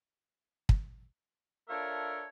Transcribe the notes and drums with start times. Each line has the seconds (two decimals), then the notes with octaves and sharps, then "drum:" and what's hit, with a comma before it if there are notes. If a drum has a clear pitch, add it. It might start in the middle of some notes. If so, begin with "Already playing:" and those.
0.69 drum: kick
1.68 D4 F4 A4 A#4 C#5 E5